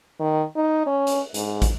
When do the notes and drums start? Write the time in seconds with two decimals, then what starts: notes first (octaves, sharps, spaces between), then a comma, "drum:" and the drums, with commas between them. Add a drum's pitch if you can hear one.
0.20 D#3
0.56 D#4
0.86 C#4
1.07 drum: hi-hat
1.34 G#2, drum: hi-hat
1.62 drum: kick, hi-hat